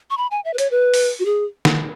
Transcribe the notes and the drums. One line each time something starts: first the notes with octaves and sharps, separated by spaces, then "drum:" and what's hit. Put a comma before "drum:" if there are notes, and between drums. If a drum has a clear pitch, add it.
C#6
B5
G#5
E5
B4
C#5, drum: hi-hat
B4
drum: open hi-hat
F#4
G#4
drum: snare